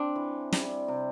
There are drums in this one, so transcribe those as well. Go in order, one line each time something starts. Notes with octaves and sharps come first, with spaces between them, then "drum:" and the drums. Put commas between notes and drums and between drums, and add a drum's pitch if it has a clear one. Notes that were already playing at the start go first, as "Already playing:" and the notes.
Already playing: C4 D4
E3
G3, drum: snare
C3